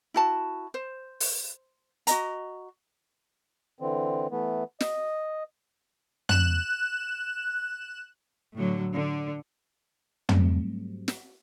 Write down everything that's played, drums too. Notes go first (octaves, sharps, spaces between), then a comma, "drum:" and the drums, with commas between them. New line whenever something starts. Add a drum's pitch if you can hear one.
E4 F#4 A5
C5
drum: open hi-hat
F#4 D#5 A#5, drum: hi-hat
D3 E3 C4
E3 A3 B3
D#5, drum: snare
F#6 E7, drum: tom
A2 D3 F#3
D3
G#2 F#3 G3 A3 C4, drum: tom
drum: snare